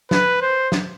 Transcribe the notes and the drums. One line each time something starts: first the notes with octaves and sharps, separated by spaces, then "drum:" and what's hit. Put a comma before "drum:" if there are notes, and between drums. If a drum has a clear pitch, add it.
B4, drum: snare
C5
drum: snare